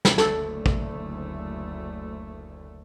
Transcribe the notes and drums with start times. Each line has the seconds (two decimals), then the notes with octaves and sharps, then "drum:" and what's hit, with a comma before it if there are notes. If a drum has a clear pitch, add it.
0.05 drum: snare
0.18 F#1 D2 A3 A4, drum: snare
0.66 drum: kick